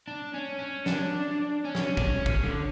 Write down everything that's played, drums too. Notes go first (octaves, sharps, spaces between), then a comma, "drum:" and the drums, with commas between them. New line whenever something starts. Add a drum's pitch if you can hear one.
D4
C#4
C#4
D4, drum: snare
C#4
drum: snare
D4, drum: kick
C#4
drum: kick
D3